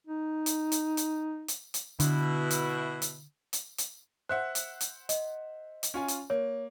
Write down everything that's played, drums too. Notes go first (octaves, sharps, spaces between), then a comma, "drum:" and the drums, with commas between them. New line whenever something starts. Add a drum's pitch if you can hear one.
D#4
drum: hi-hat
drum: hi-hat
drum: hi-hat
drum: hi-hat
drum: hi-hat
B2 D3 E4, drum: hi-hat
drum: hi-hat
drum: hi-hat
drum: hi-hat
drum: hi-hat
C5 E5 F#5 F#6
drum: hi-hat
drum: hi-hat
D#5, drum: hi-hat
drum: hi-hat
C#4 F4 G#5
drum: hi-hat
A#3 C#5